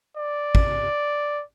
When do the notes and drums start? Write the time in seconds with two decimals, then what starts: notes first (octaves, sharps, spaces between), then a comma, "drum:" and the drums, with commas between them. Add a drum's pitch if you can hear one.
0.17 D5
0.55 drum: kick